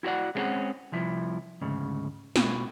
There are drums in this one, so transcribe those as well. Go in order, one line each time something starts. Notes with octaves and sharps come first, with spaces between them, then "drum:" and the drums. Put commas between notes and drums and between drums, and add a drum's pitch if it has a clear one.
E4 F#4 A4 D5 F#5
G#3 A3 C4 C#4 G#4 F#5
C2 F3 E4
D2 G#2 C#3
B2, drum: snare